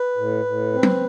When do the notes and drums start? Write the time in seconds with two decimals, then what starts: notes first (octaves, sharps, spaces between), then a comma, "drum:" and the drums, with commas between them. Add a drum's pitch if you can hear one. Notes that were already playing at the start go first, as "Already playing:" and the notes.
Already playing: B4
0.17 A2
0.45 A2
0.73 C4
0.83 drum: tom F#3